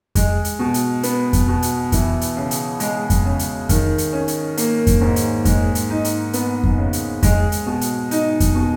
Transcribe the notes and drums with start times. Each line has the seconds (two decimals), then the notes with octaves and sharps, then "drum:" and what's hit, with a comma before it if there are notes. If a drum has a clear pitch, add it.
0.15 G#3, drum: kick F2, hi-hat
0.45 drum: hi-hat
0.59 B2
0.74 drum: hi-hat
1.03 B3, drum: hi-hat
1.33 drum: kick F2, hi-hat
1.48 B2
1.62 drum: hi-hat
1.92 E3, drum: kick F2, hi-hat
2.21 drum: hi-hat
2.37 C#3
2.51 drum: hi-hat
2.80 G#3, drum: hi-hat
3.10 drum: kick F2, hi-hat
3.25 C#3
3.39 drum: hi-hat
3.69 D#3, drum: kick F2, hi-hat
3.98 drum: hi-hat
4.13 C#4
4.28 drum: hi-hat
4.57 A#3, drum: hi-hat
4.87 drum: kick F2, hi-hat
5.01 G#2
5.16 drum: hi-hat
5.45 G#3, drum: kick F2, hi-hat
5.75 drum: hi-hat
5.90 D#4
6.05 drum: hi-hat
6.33 B3, drum: hi-hat
6.63 drum: kick F2
6.78 C#3
6.93 drum: hi-hat
7.23 G#3, drum: kick F2, hi-hat
7.52 drum: hi-hat
7.66 B2
7.81 drum: hi-hat
8.11 D#4, drum: hi-hat
8.40 drum: kick F2, hi-hat
8.55 B2